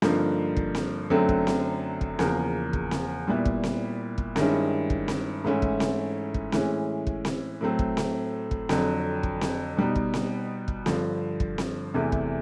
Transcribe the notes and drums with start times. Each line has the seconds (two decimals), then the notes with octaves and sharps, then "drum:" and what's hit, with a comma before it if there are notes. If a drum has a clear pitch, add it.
0.02 G2 D3 F3 A#3 D#4, drum: snare C4
0.57 drum: kick
0.75 drum: snare C4
1.10 F#2 D3 F#3 A3 C4
1.29 drum: kick
1.47 drum: snare C4
2.01 drum: kick
2.19 E2 C#3 F3 A#3, drum: snare C4
2.73 drum: kick
2.91 drum: snare C4
3.27 A#2 G3 B3 E4
3.45 drum: kick
3.64 drum: snare C4
4.18 drum: kick
4.36 G2 D#3 G#3 C#4 E4, drum: snare C4
4.90 drum: kick
5.08 drum: snare C4
5.44 G#2 E3 A3 C#4 E4
5.62 drum: kick
5.80 drum: snare C4
6.34 drum: kick
6.52 A2 E3 G#3 C#4, drum: snare C4
7.07 drum: kick
7.25 drum: snare C4
7.61 A2 F#3 A3 C4
7.79 drum: kick
7.97 drum: snare C4
8.51 drum: kick
8.69 F2 D3 F#3, drum: snare C4
9.23 drum: kick
9.41 drum: snare C4
9.77 B2 G3 B3 D#4
9.96 drum: kick
10.14 drum: snare C4
10.68 drum: kick
10.86 G2 D3 F3, drum: snare C4
11.40 drum: kick
11.58 drum: snare C4
11.94 E2 C3 E3 A3
12.12 drum: kick